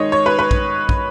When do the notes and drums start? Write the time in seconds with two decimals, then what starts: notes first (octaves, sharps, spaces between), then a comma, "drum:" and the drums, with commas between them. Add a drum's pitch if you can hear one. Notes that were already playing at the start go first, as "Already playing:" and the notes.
Already playing: D#3 G#3 D#4 C#5 D#5
0.12 C#5
0.26 B4
0.39 B4
0.51 drum: kick
0.89 drum: kick